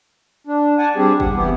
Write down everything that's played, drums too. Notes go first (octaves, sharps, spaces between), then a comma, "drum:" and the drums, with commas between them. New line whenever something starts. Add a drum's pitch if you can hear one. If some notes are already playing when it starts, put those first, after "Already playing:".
D4
D5 F#5 G#5 A5
G3 C4 D4 G4 G#4
F#5, drum: kick
E3 B3 E4 G4